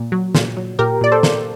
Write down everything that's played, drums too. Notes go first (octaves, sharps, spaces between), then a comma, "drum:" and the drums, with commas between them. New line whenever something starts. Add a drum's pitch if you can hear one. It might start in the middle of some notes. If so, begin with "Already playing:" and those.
Already playing: A#2
F#3
A#2, drum: snare
F#3
A#2 G4 A#4
A#2 D5
A4 C5
A#3, drum: snare